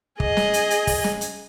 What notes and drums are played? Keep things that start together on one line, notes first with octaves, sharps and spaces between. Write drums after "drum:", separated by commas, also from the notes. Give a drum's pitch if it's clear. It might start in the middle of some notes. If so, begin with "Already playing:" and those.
G#4 D#5, drum: kick
drum: snare
drum: hi-hat
drum: hi-hat
drum: kick, open hi-hat
drum: snare
drum: hi-hat